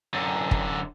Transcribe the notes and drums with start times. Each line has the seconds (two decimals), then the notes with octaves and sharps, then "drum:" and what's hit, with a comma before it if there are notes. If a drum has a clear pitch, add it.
0.14 F#2 D3
0.51 drum: kick